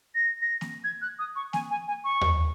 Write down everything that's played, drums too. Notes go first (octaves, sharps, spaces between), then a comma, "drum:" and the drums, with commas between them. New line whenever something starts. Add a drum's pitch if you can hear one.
A#6
A#6
drum: snare A#3
G#6
F#6
D#6
C#6
G#5, drum: snare A#3
G#5
G#5
C#6
drum: tom D#2